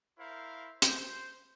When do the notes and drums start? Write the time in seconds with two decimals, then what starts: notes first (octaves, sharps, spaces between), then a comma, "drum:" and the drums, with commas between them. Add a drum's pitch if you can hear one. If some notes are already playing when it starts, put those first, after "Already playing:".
0.19 E4 A#4 C5 F5
0.82 C5, drum: hi-hat